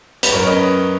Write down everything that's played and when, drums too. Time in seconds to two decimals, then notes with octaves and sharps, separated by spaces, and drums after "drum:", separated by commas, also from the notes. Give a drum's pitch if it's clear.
0.23 B4, drum: hi-hat
0.32 F#2 A#4 C#5
0.47 C#4 B4 D#5